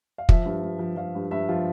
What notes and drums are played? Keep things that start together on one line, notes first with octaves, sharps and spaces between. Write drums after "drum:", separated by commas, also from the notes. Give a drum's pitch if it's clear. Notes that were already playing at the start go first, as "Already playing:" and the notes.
F5
F3 E5, drum: kick
G2
G2
F3
F3 F5
G2
G2 E5
F3 F4